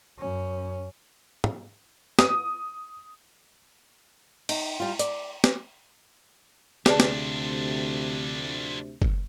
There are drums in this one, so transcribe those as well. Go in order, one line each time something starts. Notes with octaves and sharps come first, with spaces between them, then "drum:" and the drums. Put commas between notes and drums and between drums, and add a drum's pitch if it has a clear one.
F#2 C#4
drum: tom
D#6, drum: snare
D#4, drum: cymbal
G3 F4
D5, drum: hi-hat
drum: snare
D2 C3 F3 D4 G#4 D5 A5, drum: snare
drum: snare
drum: kick F#1